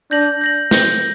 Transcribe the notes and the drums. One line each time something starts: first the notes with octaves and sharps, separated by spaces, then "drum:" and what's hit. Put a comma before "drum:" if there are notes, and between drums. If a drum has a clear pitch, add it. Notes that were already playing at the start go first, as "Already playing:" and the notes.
D4 G6 A#6 F#7
G6 A#6 F#7
C4 G6 A#6 F#7, drum: snare